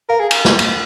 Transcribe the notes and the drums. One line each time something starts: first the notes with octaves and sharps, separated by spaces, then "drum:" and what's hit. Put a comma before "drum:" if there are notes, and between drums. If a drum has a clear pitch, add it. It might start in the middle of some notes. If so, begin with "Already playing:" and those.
A#4 F5
G#4
drum: cymbal
drum: snare
drum: cymbal